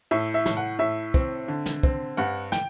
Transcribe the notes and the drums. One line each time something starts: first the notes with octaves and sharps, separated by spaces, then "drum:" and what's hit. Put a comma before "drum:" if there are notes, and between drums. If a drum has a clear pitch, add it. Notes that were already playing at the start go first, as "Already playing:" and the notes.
A2 E5
E5
A2, drum: snare
F#5
A2 E5
C4, drum: kick
D3
drum: snare
C4, drum: kick
G2 F#5
G5, drum: snare